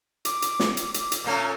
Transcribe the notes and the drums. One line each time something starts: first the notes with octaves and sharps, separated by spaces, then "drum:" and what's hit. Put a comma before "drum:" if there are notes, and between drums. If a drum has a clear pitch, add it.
D6, drum: hi-hat
drum: hi-hat
drum: snare
drum: hi-hat
drum: hi-hat
drum: hi-hat
A#2 A3 C#4